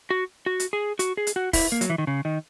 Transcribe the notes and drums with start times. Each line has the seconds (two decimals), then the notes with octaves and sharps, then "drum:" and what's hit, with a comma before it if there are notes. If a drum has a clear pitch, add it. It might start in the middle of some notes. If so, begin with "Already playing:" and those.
0.10 F#4
0.46 F#4
0.60 drum: hi-hat
0.73 G#4
0.99 F#4, drum: hi-hat
1.17 G#4
1.27 drum: hi-hat
1.36 F#4
1.53 E4, drum: kick, open hi-hat
1.72 A#3
1.81 F#3, drum: hi-hat
1.90 E3
1.98 D#3
2.07 C#3
2.25 D#3